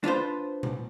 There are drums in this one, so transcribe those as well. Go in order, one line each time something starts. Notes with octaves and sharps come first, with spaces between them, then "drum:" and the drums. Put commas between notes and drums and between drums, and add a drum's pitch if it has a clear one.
D4 F4 B4 C5
drum: tom A#2